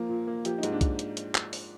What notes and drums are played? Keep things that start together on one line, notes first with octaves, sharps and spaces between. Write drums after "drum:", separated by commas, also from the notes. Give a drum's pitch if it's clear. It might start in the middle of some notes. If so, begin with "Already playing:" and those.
Already playing: F3 A#3 A#4
A#2
A#3
F3 G4, drum: hi-hat
D#4
G#2, drum: hi-hat
D4
drum: kick B1, hi-hat
drum: hi-hat
drum: hi-hat
drum: clap
drum: open hi-hat